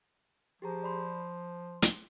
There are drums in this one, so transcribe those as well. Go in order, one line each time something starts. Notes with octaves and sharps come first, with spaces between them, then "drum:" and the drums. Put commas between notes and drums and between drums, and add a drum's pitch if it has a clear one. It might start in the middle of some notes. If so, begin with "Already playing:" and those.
F3 G4 G#4 A#5
D5 B5 C6
C6
drum: hi-hat